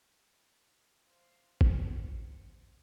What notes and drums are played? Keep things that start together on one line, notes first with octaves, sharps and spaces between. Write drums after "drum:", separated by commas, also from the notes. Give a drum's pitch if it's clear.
C5 F5
C5 F#5, drum: kick